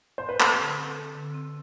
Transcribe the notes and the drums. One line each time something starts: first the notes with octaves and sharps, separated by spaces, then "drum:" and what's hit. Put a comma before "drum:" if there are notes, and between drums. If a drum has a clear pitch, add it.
C5
B4
C4 A4, drum: clap
D3
C4
C4
D3
C4